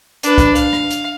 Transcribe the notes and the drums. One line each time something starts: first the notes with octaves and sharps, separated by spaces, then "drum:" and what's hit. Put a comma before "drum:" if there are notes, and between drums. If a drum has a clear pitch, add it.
D4 B4, drum: hi-hat
drum: kick, hi-hat
F5, drum: hi-hat
drum: rim click
drum: hi-hat